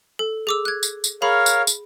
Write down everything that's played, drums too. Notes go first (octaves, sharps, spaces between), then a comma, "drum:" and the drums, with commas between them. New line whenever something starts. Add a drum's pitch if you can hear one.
A4
G#4 D6 E6
F#6 G#6
drum: tambourine
drum: tambourine
G#4 A#4 C#5 F5 B5
drum: tambourine
drum: tambourine